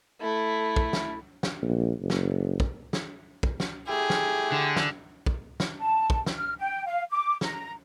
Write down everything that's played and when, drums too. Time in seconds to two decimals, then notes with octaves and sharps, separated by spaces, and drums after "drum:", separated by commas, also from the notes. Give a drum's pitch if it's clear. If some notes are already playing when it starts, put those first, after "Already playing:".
0.20 A3 E4
0.76 drum: kick
0.93 drum: snare
1.43 drum: snare
1.62 A#1
2.00 F#1
2.10 drum: snare
2.60 drum: kick
2.93 drum: snare
3.43 drum: kick
3.60 drum: snare
3.88 A3 E4 G4 G#4
4.10 drum: snare
4.52 D3
4.76 drum: snare
5.26 drum: kick
5.60 drum: snare
5.79 A5
6.10 drum: kick
6.26 drum: snare
6.37 F6
6.59 G5
6.85 F5
7.10 D6
7.41 A#5, drum: snare